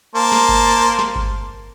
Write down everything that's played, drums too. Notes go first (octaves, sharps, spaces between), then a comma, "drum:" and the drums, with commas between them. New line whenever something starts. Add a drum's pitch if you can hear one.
A#3 C5 A5
drum: snare
drum: kick G1
drum: snare
drum: kick G1